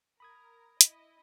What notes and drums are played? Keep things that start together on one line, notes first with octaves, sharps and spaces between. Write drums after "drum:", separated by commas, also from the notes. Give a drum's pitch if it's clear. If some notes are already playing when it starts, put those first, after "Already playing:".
A#4 B5 D#6 G#6
E4 D#5, drum: hi-hat